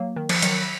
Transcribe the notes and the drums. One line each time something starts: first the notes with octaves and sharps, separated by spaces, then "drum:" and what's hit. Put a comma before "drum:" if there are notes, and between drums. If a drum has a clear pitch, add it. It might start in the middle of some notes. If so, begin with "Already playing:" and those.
Already playing: F#3 A#3
D#3
F3, drum: cymbal
D#3 F#3, drum: hi-hat